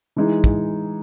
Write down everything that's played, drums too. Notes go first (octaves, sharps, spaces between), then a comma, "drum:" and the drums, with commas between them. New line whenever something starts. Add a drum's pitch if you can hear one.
E3 G#3 D#4
drum: kick